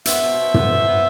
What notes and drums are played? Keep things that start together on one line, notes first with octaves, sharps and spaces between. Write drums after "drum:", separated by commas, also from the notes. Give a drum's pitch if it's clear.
B3 C5 E5, drum: hi-hat
B2
B2
B3, drum: tom
B2
B3